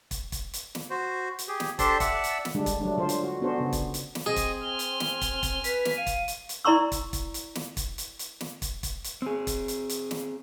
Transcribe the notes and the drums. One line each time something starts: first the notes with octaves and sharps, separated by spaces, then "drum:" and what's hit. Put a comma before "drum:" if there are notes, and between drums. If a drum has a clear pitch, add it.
drum: kick, hi-hat
drum: kick, hi-hat
drum: hi-hat
drum: snare
F#4 C5
drum: hi-hat
G4 G#4
drum: snare
D4 G4 A4 C5 A5 C6, drum: kick, hi-hat
D5 E5 F#5 A5 E6, drum: kick, hi-hat
drum: hi-hat
drum: snare
D3 G3 G#3 D4
drum: kick, hi-hat
F#3 G3 A3 D4
D3 F#3 F4 A4 C5
drum: hi-hat
F#4
B3 C#4 D4 F#4 A4 C5
C#3 B3
drum: kick, hi-hat
drum: hi-hat
drum: snare
C4 G#4 D#5
drum: kick, hi-hat
G#5 F6 G7
drum: hi-hat
drum: snare
drum: kick, hi-hat
drum: kick, hi-hat
B4 B6, drum: hi-hat
drum: snare
F5 D#7
drum: kick, hi-hat
drum: hi-hat
drum: hi-hat
E4 D5 A#5 C6 C#6 E6
drum: kick, hi-hat
drum: kick, hi-hat
drum: hi-hat
drum: snare
drum: kick, hi-hat
drum: hi-hat
drum: hi-hat
drum: snare
drum: kick, hi-hat
drum: kick, hi-hat
drum: hi-hat
C4 G#4
drum: kick, hi-hat
drum: hi-hat
drum: hi-hat
drum: snare